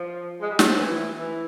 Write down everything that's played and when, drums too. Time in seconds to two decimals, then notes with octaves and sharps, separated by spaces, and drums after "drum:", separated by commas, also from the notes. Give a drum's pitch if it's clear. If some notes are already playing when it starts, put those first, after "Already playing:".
Already playing: F3
0.41 G#3
0.50 G3
0.59 F#3, drum: snare
0.68 F3
0.77 E3
1.18 E3